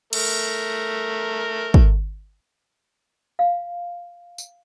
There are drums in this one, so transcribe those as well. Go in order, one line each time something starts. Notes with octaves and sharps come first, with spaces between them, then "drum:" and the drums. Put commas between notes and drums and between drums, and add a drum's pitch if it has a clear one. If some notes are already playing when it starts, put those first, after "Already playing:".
A3 A#4, drum: cymbal
drum: kick
F5
drum: tambourine